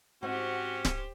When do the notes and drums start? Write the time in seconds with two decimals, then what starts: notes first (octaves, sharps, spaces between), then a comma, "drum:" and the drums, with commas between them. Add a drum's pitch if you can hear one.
0.23 G#2 C4 C#4 F#4 G4 C5 F#5
0.85 drum: snare D1